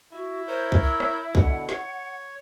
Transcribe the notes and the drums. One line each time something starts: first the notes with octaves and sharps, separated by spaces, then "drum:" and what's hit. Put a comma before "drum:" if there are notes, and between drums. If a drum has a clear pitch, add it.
E4 F#4
A#4 C5 C#5 G6
drum: kick C2
E6
drum: rim click
B2 D3 F#5, drum: kick C2
C#5, drum: snare